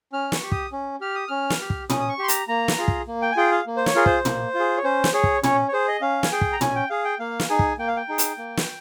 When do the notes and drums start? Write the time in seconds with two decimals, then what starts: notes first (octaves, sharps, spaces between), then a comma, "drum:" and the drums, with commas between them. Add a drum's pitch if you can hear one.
0.13 C#4 F6
0.32 C#6, drum: snare
0.43 G4
0.52 D#6, drum: kick
0.72 C#4
1.01 G4 F6
1.15 D#6
1.28 C#4 F6
1.50 drum: snare
1.61 G4
1.70 drum: kick
1.90 C#4 D#6, drum: tom
2.00 D#6
2.09 C#6
2.19 G4 C6
2.28 A#5, drum: hi-hat
2.48 A#3 A#5
2.68 drum: snare
2.78 F4 G#4
2.88 drum: kick
3.07 A#3
3.22 G5
3.32 G#5
3.37 F4 G#4 G5
3.51 F5
3.67 A#3
3.77 C5
3.86 C#5, drum: snare
3.95 F4 G#4 A#4
4.06 C5, drum: kick
4.25 A#3, drum: tom
4.55 F4
4.60 G#4
4.77 C#5
4.84 C#4 C5
5.04 drum: snare
5.13 G#4 C#5
5.24 drum: kick
5.43 C#4 C#5, drum: tom
5.68 C#5
5.73 G#4 C5
5.88 D#5
6.01 C#4 F5
6.23 G#5, drum: snare
6.32 G#4 G5
6.41 drum: kick
6.53 A#5
6.61 C#4 G#5, drum: tom
6.75 G5
6.90 G#4 F5
7.05 G5
7.19 A#3 F5
7.40 drum: snare
7.49 D#4 G#4 G#5
7.59 drum: kick
7.78 A#3 G5
7.88 F5
7.97 G5
8.09 D#4 G#4
8.18 drum: hi-hat
8.38 A#3
8.57 drum: snare